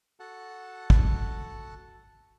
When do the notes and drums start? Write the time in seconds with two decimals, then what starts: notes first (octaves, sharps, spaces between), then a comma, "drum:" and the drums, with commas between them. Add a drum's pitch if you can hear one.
0.20 F#4 A4 F#5 A5
0.90 drum: kick